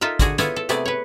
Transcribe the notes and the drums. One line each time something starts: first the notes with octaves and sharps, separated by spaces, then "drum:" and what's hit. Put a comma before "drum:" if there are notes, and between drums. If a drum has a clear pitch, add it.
D#4 F4 A4 A#4 E5
D3 F#4 G#4, drum: kick G#1, hi-hat
B3 E4 F4 G#4 A4 C#5, drum: hi-hat
A4
C3 A3 B3 G#4 D5, drum: hi-hat
B4 C#5